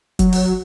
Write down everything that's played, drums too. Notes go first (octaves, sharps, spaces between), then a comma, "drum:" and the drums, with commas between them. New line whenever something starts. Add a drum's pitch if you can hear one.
F#3, drum: kick, hi-hat
drum: open hi-hat